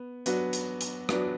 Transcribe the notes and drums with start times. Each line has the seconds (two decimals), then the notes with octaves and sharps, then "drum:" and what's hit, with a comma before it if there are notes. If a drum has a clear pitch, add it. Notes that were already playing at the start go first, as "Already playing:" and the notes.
Already playing: B3
0.26 F#3 B3 D4 F#4, drum: hi-hat
0.53 drum: hi-hat
0.81 drum: hi-hat
1.09 F#3 B3 D4 F#4, drum: rim click